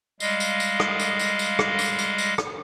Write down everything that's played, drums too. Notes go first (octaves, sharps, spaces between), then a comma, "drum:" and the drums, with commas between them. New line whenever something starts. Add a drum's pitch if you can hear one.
G3 G#3 D#5 F5, drum: tambourine
drum: tambourine
drum: tambourine
drum: rim click
drum: tambourine
drum: tambourine
drum: tambourine
drum: rim click
drum: tambourine
drum: tambourine
drum: tambourine
drum: rim click